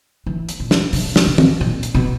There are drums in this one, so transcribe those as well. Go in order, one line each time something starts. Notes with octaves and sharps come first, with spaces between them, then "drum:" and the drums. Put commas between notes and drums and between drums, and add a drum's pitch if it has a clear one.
E3
drum: hi-hat
A#2
drum: snare
B2, drum: open hi-hat
drum: snare
B2
drum: tom
A#2
drum: hi-hat
B2